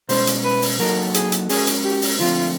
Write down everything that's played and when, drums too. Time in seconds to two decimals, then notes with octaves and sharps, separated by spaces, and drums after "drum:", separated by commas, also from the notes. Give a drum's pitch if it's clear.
0.09 B2 G#3 C#4 C5, drum: open hi-hat
0.27 drum: hi-hat
0.44 B4
0.62 drum: open hi-hat
0.79 F#3 A#3 D#4 F#4 A4 A#4
1.14 G#4, drum: hi-hat
1.32 drum: hi-hat
1.49 G#3 C#4 F#4 G#4 A#4, drum: open hi-hat
1.67 drum: hi-hat
1.84 G4
2.02 drum: open hi-hat
2.19 D3 F3 A3 C4 F4